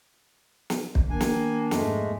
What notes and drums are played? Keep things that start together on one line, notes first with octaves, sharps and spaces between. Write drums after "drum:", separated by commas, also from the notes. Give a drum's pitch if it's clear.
drum: snare
drum: kick
D#3 A#3 D4 G#5
drum: snare
F2 G#2 G#3 A3, drum: snare